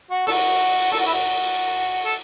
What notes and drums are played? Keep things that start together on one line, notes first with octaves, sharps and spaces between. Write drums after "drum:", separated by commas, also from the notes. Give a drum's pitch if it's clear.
F#4
A4, drum: cymbal
F#4
A4, drum: cymbal
F#4
E4
F#4
A4